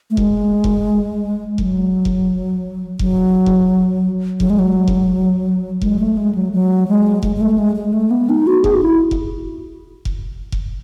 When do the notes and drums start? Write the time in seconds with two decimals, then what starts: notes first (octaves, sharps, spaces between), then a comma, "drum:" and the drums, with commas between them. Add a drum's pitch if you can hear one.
0.11 A3
0.17 G#3, drum: kick F1
0.64 drum: kick F1
1.58 F#3, drum: kick F1
2.05 drum: kick F1
2.99 F#3, drum: kick F1
3.46 drum: kick F1
4.40 F#3, drum: kick F1
4.50 G#3
4.59 F#3
4.88 drum: kick F1
5.82 G#3, drum: kick F1
6.00 A3
6.17 G#3
6.35 F#3
6.52 F#3
6.88 G#3
7.23 G#3, drum: kick F1
7.36 G#3
7.41 A3
7.58 G#3
7.76 G#3
7.93 A3
8.11 B3
8.29 D#4
8.47 F#4
8.64 G#4, drum: kick F1
8.74 F#4
8.82 E4
9.11 drum: kick F1
10.05 drum: kick F1
10.52 drum: kick F1